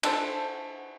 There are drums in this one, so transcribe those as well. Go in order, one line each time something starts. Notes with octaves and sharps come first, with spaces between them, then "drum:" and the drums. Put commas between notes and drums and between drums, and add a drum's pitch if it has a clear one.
D4 A4 C5, drum: cymbal